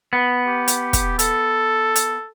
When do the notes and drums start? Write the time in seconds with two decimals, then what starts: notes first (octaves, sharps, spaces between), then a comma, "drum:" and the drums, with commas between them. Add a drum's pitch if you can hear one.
0.13 B3
0.47 G4
0.68 drum: hi-hat
0.93 drum: kick, hi-hat
1.19 A4, drum: hi-hat
1.96 drum: hi-hat